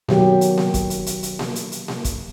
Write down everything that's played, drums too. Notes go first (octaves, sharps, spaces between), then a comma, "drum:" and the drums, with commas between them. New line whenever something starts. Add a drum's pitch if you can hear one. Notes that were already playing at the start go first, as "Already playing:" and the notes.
B2 D#3 F#3 G4, drum: snare A#3
drum: hi-hat
drum: snare A#3
drum: kick, hi-hat
drum: hi-hat
drum: hi-hat
drum: hi-hat
drum: snare A#3
drum: hi-hat
drum: hi-hat
drum: snare A#3
drum: kick, hi-hat